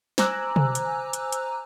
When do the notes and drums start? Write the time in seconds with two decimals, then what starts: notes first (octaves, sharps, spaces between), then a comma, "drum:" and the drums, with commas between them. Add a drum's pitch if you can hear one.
0.18 C5 G#5 A#5 D6 E6 F#6, drum: snare
0.56 drum: tom
0.75 drum: hi-hat
1.13 drum: hi-hat
1.32 drum: hi-hat